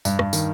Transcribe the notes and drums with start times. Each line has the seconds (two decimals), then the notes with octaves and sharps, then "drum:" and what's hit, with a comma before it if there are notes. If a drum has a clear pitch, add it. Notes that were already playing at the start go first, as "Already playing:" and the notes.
0.05 G2, drum: tambourine
0.19 G2, drum: rim click
0.33 D#3, drum: tambourine